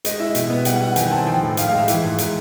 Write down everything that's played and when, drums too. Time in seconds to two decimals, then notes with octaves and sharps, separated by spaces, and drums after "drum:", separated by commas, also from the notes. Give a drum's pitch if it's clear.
0.05 G#3 D#5, drum: hi-hat
0.19 E4 E5
0.35 B2, drum: hi-hat
0.50 B3
0.65 G3 F#5, drum: hi-hat
0.81 E4 F#5
0.96 D#3 G#5, drum: hi-hat
1.11 C4 A5
1.27 F3 G5
1.42 A2
1.57 A2 F5, drum: hi-hat
1.67 G#3 F5
1.78 E5
1.88 E3, drum: hi-hat
2.04 G#2
2.18 drum: hi-hat